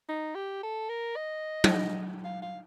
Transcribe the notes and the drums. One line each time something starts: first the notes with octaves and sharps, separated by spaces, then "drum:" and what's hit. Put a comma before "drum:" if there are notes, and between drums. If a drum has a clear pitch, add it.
D#4
G4
A4
A#4
D#5
drum: tom
F5
F5